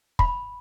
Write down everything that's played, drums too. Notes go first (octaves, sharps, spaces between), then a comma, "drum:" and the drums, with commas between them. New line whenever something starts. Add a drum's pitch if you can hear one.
B5, drum: kick